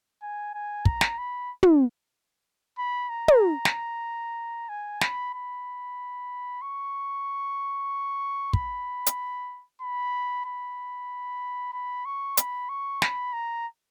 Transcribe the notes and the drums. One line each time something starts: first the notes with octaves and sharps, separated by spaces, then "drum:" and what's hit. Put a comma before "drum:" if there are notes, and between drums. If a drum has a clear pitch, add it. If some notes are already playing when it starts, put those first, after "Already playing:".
G#5
G#5
A#5, drum: kick
drum: snare
B5
drum: tom
B5
A#5
drum: tom
drum: snare
G#5
B5, drum: snare
B5
C#6
B5, drum: kick
drum: hi-hat
B5
B5
B5
C#6
B5, drum: hi-hat
C#6
B5, drum: snare
A#5